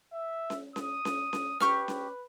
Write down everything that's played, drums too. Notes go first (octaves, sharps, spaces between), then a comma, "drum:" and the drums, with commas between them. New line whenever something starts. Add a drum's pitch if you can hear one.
E5
drum: snare C#4
D#6, drum: snare C#4
drum: snare C#4
drum: snare C#4
G4 B4 C#6 F6, drum: snare C#4
drum: snare C#4